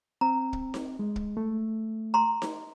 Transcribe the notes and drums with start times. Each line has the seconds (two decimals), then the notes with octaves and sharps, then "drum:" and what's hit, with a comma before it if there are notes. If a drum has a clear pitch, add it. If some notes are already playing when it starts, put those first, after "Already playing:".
0.21 C4 A#5
0.53 drum: kick
0.74 drum: snare D#4
0.99 G#3
1.16 drum: kick
1.37 A3
2.14 A#5 C6
2.42 drum: snare D#4